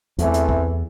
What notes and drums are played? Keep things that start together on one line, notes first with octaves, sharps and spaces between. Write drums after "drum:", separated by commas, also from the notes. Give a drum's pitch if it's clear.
E2 E3 A3 C4, drum: hi-hat
drum: hi-hat
drum: kick